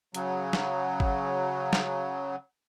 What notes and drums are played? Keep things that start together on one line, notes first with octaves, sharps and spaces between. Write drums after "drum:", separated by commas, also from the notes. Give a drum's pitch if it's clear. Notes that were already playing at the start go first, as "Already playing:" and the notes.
C#3 F#3, drum: hi-hat
drum: snare
drum: kick G#1
drum: snare